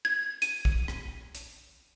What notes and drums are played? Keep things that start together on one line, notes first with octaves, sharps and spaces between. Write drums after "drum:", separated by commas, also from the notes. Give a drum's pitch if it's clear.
G#6
D#7, drum: hi-hat
drum: kick
drum: rim click
drum: hi-hat